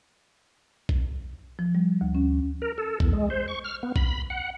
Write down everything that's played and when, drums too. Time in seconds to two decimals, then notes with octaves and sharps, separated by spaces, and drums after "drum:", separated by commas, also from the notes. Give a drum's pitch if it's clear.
0.89 drum: kick B1
1.59 F3
1.75 G3
2.01 D2
2.15 C#4
2.62 A#4
2.78 A4
3.00 E2, drum: kick B1
3.13 G#3
3.30 C5
3.48 C#6
3.64 F6
3.83 B3
3.96 B5, drum: kick B1
4.30 F#5